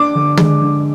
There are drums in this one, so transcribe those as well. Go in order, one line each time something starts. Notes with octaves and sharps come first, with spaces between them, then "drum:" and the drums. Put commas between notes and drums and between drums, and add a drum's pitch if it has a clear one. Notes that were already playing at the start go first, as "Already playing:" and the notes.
Already playing: D4 D6
D3
G#3, drum: tom
D3